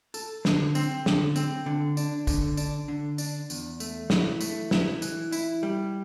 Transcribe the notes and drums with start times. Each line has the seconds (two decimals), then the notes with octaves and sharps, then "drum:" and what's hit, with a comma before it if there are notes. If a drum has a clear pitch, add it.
0.14 A4, drum: tambourine
0.45 D3, drum: snare
0.75 C4, drum: tambourine
1.06 D3, drum: snare
1.36 C4, drum: tambourine
1.66 D3
1.97 D4, drum: tambourine
2.27 D3, drum: kick, tambourine
2.57 D4, drum: tambourine
2.88 D3
3.18 D4, drum: tambourine
3.50 E2, drum: tambourine
3.80 A3, drum: tambourine
4.10 E3, drum: snare
4.41 A3, drum: tambourine
4.71 E4, drum: snare
5.02 E3, drum: tambourine
5.32 E4, drum: tambourine
5.63 G3